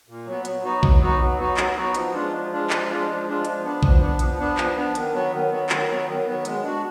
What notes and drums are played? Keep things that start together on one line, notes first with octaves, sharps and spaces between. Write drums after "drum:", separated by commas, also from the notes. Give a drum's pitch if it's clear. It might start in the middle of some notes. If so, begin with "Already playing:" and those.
A#2
F#3 B3
F#3, drum: hi-hat
B3 D#4 F#4
F#3, drum: kick A#1
B3 D#4 F#4
F#3
B3 D#4 F#4
F#3, drum: clap
B3 D#4 F#4
F3, drum: hi-hat
G#3 D4 F4
F3
G#3 D4 F4
F3, drum: clap
G#3 D4 F4
F3
G#3 D4 F4
F3, drum: hi-hat
B3 D4
F3, drum: kick A#1
B3 D4
F3, drum: hi-hat
B3 D4
F3, drum: clap
B3 D4
D#3, drum: hi-hat
F#3 B3
D#3
F#3 B3
D#3, drum: clap
F#3 B3
D#3
F#3 B3
G#3, drum: hi-hat
D4 F#4